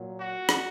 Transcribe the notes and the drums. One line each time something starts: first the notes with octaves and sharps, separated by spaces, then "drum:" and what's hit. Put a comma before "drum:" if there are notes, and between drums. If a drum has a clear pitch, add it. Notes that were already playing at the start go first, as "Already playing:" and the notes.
Already playing: A#2 F#3
F#4
drum: rim click